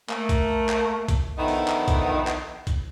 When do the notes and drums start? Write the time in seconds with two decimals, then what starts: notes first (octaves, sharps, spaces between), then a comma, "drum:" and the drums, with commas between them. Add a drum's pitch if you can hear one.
0.09 A3 A#3, drum: clap
0.29 drum: kick A#1, hi-hat
0.69 drum: clap
1.08 drum: kick A#1, hi-hat
1.38 D3 D#3 F3 B3 D#4 E4
1.48 drum: open hi-hat
1.68 drum: clap
1.88 drum: kick A#1, hi-hat
2.27 drum: clap
2.67 drum: kick A#1, hi-hat